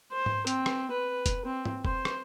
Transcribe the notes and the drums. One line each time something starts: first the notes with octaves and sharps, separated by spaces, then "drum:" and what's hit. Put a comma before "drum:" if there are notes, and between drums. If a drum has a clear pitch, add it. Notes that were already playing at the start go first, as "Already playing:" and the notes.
C5
drum: tom G#2
C4, drum: hi-hat
drum: rim click
B4
drum: kick, hi-hat
C4
drum: tom G#2
C5, drum: kick
drum: rim click